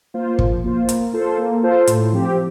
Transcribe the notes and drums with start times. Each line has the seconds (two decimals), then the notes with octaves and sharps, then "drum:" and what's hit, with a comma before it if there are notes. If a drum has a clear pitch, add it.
0.14 A#3 F4 C5
0.39 F3, drum: kick
0.64 A#3 F4 C5
0.89 A#3, drum: hi-hat
1.13 F4 A4 C5
1.38 A#3
1.63 F4 A4 C5
1.87 A2, drum: hi-hat
2.13 F3 C4 G4